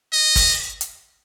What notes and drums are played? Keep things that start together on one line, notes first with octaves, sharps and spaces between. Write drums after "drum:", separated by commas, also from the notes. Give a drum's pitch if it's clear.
D#5
drum: kick, open hi-hat
drum: hi-hat